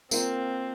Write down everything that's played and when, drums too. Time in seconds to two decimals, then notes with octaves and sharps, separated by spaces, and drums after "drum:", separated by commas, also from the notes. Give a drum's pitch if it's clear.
0.11 A#3 C4 F4 A#4, drum: tambourine